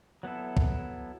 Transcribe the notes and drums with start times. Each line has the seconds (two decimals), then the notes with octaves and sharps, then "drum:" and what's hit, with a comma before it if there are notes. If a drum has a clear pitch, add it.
0.23 F#3 B3 E4 A4
0.57 drum: kick